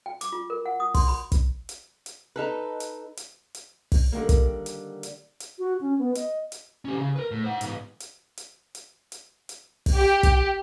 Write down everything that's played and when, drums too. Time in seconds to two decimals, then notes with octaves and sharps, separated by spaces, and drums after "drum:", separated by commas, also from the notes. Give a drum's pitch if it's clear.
0.06 G5
0.21 D6, drum: hi-hat
0.32 F4
0.50 A#4
0.66 F#5
0.80 D#6
0.94 C6, drum: kick, open hi-hat
1.08 B5
1.32 drum: kick, hi-hat
1.69 drum: hi-hat
2.06 drum: hi-hat
2.36 D#4 A4 B4
2.80 drum: hi-hat
3.17 drum: hi-hat
3.55 drum: hi-hat
3.92 drum: kick, open hi-hat
4.12 D3 D#3 G3 A#3
4.29 drum: kick, hi-hat
4.66 drum: hi-hat
5.03 drum: hi-hat
5.40 drum: hi-hat
5.59 F#4
5.81 C#4
5.99 B3
6.15 D#5, drum: hi-hat
6.52 drum: hi-hat
6.85 C#4 G4
6.98 C#3
7.16 A#4 B4
7.31 A2
7.44 C5 F#5
7.61 G#2 B3, drum: hi-hat
8.00 drum: hi-hat
8.37 drum: hi-hat
8.75 drum: hi-hat
9.12 drum: hi-hat
9.49 drum: hi-hat
9.86 drum: kick, open hi-hat
9.95 G4
10.23 drum: kick, hi-hat